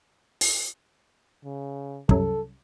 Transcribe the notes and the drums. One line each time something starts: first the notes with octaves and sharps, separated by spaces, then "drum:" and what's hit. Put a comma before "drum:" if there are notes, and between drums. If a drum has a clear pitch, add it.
drum: open hi-hat
C#3
C2 F#2 A4, drum: kick